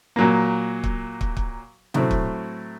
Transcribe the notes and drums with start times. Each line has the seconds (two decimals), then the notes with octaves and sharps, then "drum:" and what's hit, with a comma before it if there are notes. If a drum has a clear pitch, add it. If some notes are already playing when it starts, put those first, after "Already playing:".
0.16 A#2 F#3 A#3
0.84 drum: kick
1.21 drum: kick
1.37 drum: kick
1.94 A2 F#3 A3 C4, drum: tom B2
2.11 drum: kick